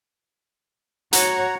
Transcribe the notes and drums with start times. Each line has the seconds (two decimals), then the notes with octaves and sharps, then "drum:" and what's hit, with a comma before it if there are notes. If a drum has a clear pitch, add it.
1.13 F#4 C#5 F#5 A#5, drum: hi-hat